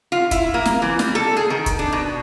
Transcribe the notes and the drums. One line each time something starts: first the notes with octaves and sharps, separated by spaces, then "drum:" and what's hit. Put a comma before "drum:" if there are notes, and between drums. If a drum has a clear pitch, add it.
F4
E4, drum: kick, hi-hat
A#3
drum: snare
E3
G3, drum: snare
A4
G#4
D#3
drum: kick, hi-hat
D4
B2